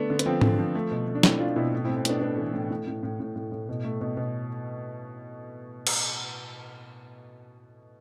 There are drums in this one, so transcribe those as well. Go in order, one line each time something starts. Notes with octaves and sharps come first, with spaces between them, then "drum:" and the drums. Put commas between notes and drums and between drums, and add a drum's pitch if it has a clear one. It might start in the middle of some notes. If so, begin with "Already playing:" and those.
Already playing: D3 A3 B3 D4
D3
B3, drum: hi-hat
F3 C4
D3, drum: tom G#2
F3
A3
B2
A3
D4
A3 C4 E4, drum: snare
A3 D4 F4
B2 C4 E4
A2
C4 E4
A2
C4
A2 B3 D4, drum: hi-hat
A2 B3 D4
E3
A2
A2
A2
A2
A2
A2
A2
B2
A3
B2
B2
drum: cymbal